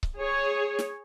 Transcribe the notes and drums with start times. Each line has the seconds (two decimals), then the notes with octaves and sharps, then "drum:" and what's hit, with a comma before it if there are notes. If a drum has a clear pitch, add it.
0.03 drum: kick C#1
0.18 G#4 C#5
0.79 drum: snare